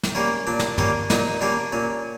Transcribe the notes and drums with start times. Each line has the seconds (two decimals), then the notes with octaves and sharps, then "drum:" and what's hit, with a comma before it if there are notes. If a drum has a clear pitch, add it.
0.03 drum: snare
0.15 G3 A#3 C#4
0.47 A#2 D4
0.59 drum: snare
0.78 G3 A#3 C#4, drum: tom
1.10 A#2 D#4, drum: snare
1.41 G3 A#3 C#4 D4
1.73 A#2 C#4